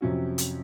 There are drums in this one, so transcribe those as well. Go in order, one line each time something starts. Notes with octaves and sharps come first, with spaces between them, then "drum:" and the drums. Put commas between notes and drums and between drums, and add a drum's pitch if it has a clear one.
F2 C3 F#3 C#4 F#4
drum: hi-hat